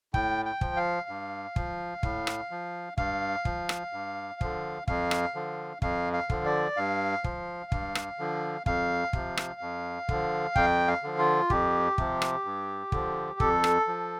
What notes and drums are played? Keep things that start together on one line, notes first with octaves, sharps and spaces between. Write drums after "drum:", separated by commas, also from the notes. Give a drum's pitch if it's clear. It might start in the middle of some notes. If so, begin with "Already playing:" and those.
A2 G5, drum: kick
G5
F3, drum: kick
F5
G2
F3, drum: kick
A2, drum: kick
drum: rim click
F3
G2 F5, drum: kick
F3, drum: kick
drum: rim click
G2
D3 F3, drum: kick
F2 F5, drum: kick
drum: rim click
D3 F3
F2 F5, drum: kick
F5
D3 F3, drum: kick
D5
G2 F5
F3, drum: kick
G2, drum: kick
drum: rim click
D3 F3
F2 F5, drum: kick
C3 F3, drum: kick
drum: rim click
F2
D3 F3, drum: kick
F2 G5, drum: kick
F5
D3 F3
F4
F2 G4, drum: kick
C3 F3, drum: kick
drum: rim click
G2
D3 F3, drum: kick
F2 A4, drum: kick
drum: rim click
F3